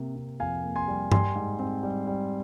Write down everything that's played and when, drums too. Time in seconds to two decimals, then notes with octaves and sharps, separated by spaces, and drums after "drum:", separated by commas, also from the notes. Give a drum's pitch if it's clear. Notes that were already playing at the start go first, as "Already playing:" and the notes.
Already playing: C3 A#3
0.16 C3
0.40 F2 F5 G#5
0.64 A#3
0.76 G#5 C6
0.88 G3
1.12 G3 G#5 C6, drum: tom G2
1.35 G#2
1.59 C4
1.83 G3
2.07 G3